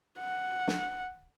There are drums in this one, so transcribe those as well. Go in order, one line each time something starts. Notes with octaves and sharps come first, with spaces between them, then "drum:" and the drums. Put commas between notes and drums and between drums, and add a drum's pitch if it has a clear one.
F#5
drum: snare